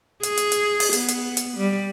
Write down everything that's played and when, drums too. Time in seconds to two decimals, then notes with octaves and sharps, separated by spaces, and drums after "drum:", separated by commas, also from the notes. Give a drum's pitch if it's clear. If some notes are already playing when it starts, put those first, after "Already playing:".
0.23 G#4, drum: hi-hat
0.37 drum: hi-hat
0.52 drum: hi-hat
0.80 drum: open hi-hat
0.93 B3, drum: hi-hat
1.08 drum: hi-hat
1.37 drum: hi-hat
1.57 G3